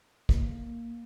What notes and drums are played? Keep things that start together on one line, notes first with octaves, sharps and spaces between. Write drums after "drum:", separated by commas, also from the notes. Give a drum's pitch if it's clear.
A#3, drum: kick